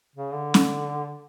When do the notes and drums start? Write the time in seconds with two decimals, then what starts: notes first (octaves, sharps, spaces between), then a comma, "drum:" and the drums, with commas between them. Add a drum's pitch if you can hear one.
0.16 C#3
0.33 D3
0.54 drum: snare C#4